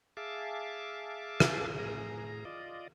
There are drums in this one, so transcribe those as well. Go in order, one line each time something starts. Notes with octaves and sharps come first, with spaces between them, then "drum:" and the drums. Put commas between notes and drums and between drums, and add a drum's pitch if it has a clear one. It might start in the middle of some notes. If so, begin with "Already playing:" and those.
G#4 E5 F5 A5 D6
drum: rim click
A2 G#4 A#5
F4 D5 D#5